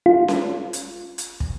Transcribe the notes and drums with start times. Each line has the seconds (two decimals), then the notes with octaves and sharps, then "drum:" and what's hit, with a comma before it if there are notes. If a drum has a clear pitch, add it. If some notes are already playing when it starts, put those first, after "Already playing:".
0.06 F4
0.28 drum: snare C#4
0.73 drum: hi-hat
1.18 drum: hi-hat
1.40 drum: kick